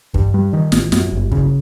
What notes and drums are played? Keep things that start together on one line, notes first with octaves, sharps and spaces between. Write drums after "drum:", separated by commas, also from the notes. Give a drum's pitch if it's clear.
G2, drum: kick
G3
D#3
A1, drum: snare
F#2, drum: snare
G1
C#3, drum: kick